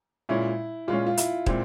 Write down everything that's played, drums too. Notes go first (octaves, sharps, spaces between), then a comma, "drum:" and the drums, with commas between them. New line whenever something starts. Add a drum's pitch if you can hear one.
A#2 G#3 C#4 E4
A#2 G#3 C#4 F4
F4
E4, drum: hi-hat
A#2 G#3 C4 E4, drum: kick